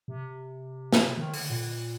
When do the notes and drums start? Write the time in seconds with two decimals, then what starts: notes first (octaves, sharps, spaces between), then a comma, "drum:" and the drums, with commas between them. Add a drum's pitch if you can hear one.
0.08 C3
0.93 drum: snare
1.17 D#3
1.34 D3, drum: open hi-hat
1.50 A#2